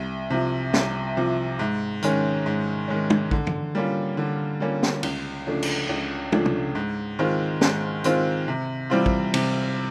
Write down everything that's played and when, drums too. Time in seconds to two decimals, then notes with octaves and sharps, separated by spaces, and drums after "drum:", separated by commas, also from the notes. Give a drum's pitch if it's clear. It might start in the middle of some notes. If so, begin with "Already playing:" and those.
Already playing: C2
0.30 C3 F3
0.73 C2, drum: snare
1.17 C3 F3
1.59 G#2
2.02 D#3 G#3 C#4, drum: hi-hat
2.46 G#2
2.88 D#3 G#3 C#4
3.10 drum: tom
3.31 D3, drum: kick
3.47 drum: tom
3.75 G3 A#3 C#4 F4
4.17 D3
4.60 G3 A#3 C#4 F4
4.83 drum: snare
5.03 C#2, drum: cymbal
5.47 C#3 F3 A3 D4
5.62 drum: cymbal
5.89 C#2
6.32 C#3 F3 A3 D4, drum: tom
6.46 drum: tom
6.75 G#2
7.19 D#3 G#3 C4 F4
7.61 G#2, drum: snare
8.04 D#3 G#3 C4 F4, drum: hi-hat
8.48 C3
8.90 E3 G3 C4 F4
9.06 drum: kick
9.34 C3, drum: cymbal